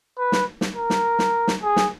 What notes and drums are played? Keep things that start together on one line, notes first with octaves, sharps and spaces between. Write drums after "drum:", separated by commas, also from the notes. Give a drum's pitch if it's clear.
B4
drum: snare
drum: snare
A#4
drum: snare
drum: snare
drum: snare
G#4
drum: snare